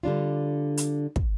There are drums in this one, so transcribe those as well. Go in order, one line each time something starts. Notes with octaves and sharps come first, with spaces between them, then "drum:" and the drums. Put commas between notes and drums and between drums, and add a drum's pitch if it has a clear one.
D3 G3 D4 F4
drum: hi-hat
drum: kick